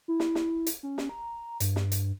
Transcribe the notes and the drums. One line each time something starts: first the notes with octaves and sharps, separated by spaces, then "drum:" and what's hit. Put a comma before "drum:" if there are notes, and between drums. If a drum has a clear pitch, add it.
E4
drum: snare
drum: snare
drum: hi-hat
C#4
drum: snare
A#5
G2, drum: hi-hat
drum: snare
drum: hi-hat